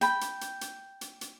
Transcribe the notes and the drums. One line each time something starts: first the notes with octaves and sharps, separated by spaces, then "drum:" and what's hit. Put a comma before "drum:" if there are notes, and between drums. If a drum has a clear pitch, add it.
G5 B5, drum: hi-hat
drum: hi-hat
drum: hi-hat
drum: hi-hat
drum: hi-hat
drum: hi-hat